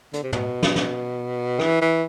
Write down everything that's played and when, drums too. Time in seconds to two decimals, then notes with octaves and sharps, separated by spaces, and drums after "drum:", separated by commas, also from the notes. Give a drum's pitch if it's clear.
0.13 D3, drum: hi-hat
0.23 C3
0.33 B2, drum: tom
0.63 drum: snare
0.76 drum: snare
1.60 E3, drum: rim click
1.81 E3